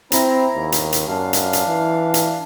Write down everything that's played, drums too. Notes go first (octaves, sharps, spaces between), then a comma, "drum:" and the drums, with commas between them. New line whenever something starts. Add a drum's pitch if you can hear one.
C4 E4 A#5, drum: hi-hat
D#2
drum: hi-hat
drum: hi-hat
F#2 D4 F5
drum: hi-hat
drum: hi-hat
E3
drum: hi-hat